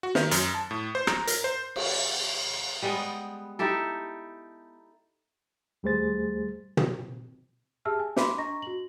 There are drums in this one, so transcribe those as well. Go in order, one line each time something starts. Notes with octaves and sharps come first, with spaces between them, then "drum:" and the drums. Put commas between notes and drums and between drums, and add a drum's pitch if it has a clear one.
F#4
D#3, drum: snare
F#2, drum: hi-hat
A5
A2
C5
A#5, drum: rim click
A#4, drum: hi-hat
C5
drum: cymbal
G3 G#3 B3
D#4 E4 G4 A4
D#2 G3 A3 G#4 C5 A6
drum: tom
G4 G#4 E5 A5 E6 F6
G#5
D#4 B5 C6 D6, drum: snare
D4 D#5 A#5 C#6 A#6
F#4 F#7